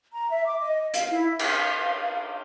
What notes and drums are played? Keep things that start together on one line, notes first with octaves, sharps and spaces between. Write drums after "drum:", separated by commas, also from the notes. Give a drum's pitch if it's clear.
A#5
E5
D6
D#5
F5, drum: hi-hat
E4
F5, drum: cymbal